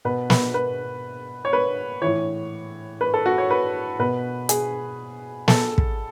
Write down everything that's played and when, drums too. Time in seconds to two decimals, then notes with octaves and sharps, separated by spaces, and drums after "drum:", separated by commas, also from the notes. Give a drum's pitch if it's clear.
0.05 B2 B4
0.30 B4, drum: snare
0.54 B4
1.45 C#5
1.53 B4
2.02 A2 E3 C#5
3.01 B4
3.14 A4
3.26 F#4
3.38 C#5
3.50 B4
3.99 B2 B4
4.49 G#4, drum: hi-hat
5.48 A4, drum: snare
5.78 drum: kick